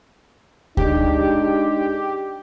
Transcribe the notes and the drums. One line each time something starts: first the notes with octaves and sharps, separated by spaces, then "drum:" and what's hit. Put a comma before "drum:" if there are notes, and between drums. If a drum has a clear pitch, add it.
G#3 D4 D#4 G4, drum: kick D2